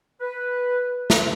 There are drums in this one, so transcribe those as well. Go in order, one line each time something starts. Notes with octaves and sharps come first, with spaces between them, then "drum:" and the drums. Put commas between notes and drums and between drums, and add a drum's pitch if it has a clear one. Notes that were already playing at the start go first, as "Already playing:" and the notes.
B4
drum: snare